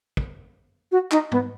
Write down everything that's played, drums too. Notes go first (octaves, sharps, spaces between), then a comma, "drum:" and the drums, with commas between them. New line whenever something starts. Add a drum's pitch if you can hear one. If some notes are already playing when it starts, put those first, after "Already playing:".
drum: kick
F#4
D#4, drum: clap
B3, drum: tom G#2